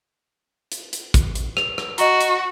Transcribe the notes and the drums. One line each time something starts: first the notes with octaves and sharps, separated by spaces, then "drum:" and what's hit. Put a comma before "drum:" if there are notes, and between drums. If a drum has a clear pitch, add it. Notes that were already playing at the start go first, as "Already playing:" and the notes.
drum: hi-hat
drum: hi-hat
drum: kick A1, hi-hat
drum: hi-hat
F7, drum: rim click
drum: rim click
F#4 D#5 A#5, drum: hi-hat
drum: hi-hat